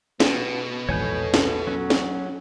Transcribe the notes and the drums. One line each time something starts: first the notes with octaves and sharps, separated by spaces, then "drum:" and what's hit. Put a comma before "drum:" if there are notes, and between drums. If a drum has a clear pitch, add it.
B2 B3, drum: snare
A#1 E2 G#2 A4 C#5 G#5 G6
drum: snare
F#3 C#4 F#4
drum: snare